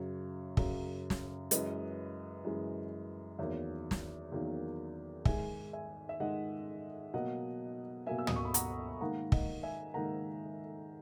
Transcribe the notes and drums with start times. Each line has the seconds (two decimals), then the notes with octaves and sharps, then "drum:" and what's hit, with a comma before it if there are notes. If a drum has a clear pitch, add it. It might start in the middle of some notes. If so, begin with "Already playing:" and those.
Already playing: F#2 C#3 F#3 C#5
0.57 F#2 C#3 F#3, drum: kick
1.10 drum: snare
1.51 F#2 E3 G#3 B4 D#5, drum: hi-hat
2.45 F#2 E3 G#3
3.39 E2 D#3 F#3 A#3 C#5 E5
3.91 drum: snare
4.32 E2 D#3 F#3 A#3
5.25 G#2 D#3 G#3 E5 G#5, drum: kick
5.73 E5 G#5
6.09 E5
6.20 G#2 D#3 G#3 D#5 F#5
7.13 B2 F#3 A#3 D#5 F#5
8.06 B2 F#3 A#3 E5 G#5
8.19 E6
8.27 D#6, drum: tom
8.36 C#6
8.45 B5
8.54 F#5 A#5, drum: hi-hat
9.01 G#2 D#3 A#3 F#5 A#5
9.32 D#5 F#5, drum: kick
9.63 E5 G#5
9.94 G#2 D#3 A#3 F#5 A#5